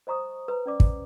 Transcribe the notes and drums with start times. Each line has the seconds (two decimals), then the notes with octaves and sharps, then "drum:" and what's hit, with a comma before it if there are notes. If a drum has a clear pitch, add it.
0.07 C5 D#5 A#5 C#6 D#6
0.48 B4 A#5
0.66 C#4 D5 D6
0.80 drum: kick